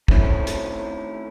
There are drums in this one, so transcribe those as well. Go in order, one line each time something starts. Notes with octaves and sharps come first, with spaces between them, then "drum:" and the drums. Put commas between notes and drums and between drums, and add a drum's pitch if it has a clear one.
D#3 A3 C4 C#4 E4, drum: kick
drum: hi-hat